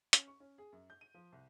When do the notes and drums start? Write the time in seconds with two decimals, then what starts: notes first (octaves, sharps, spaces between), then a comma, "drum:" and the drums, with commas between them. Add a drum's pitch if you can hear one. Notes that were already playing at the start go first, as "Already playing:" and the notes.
0.13 C#4, drum: hi-hat
0.27 C#6
0.40 C#4
0.58 G#4
0.73 F#2
0.90 G6
1.01 D#7
1.14 F3
1.32 C2